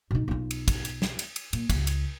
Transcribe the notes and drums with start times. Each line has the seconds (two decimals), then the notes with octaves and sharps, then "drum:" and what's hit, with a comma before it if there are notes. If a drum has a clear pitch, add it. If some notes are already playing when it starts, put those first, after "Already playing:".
0.11 B2 D#4
0.28 B1 F4
0.51 drum: cymbal
0.68 drum: kick, cymbal
0.85 drum: cymbal
1.02 drum: snare
1.19 drum: cymbal
1.36 drum: cymbal
1.53 A#2, drum: cymbal
1.70 C#2, drum: kick, cymbal
1.87 drum: cymbal